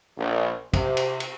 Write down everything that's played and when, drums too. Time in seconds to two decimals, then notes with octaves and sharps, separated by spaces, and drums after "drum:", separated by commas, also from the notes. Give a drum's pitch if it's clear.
0.18 A#1
0.74 C3, drum: kick, cymbal
0.97 drum: cymbal
1.20 drum: cymbal